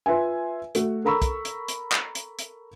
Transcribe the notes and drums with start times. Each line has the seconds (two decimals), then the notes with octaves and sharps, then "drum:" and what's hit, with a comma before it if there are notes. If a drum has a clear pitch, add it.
0.06 F4 B4 E5 G#5
0.75 A3 F#4, drum: hi-hat
1.05 A4 A#4 A#5 B5 C#6 E6
1.22 drum: kick, hi-hat
1.45 drum: hi-hat
1.68 drum: hi-hat
1.92 drum: clap
2.15 drum: hi-hat
2.39 drum: hi-hat